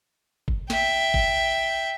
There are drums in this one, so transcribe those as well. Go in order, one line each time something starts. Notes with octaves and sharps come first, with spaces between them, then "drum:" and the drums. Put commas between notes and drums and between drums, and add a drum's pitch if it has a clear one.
drum: kick G1
E5 G5, drum: snare
drum: kick G1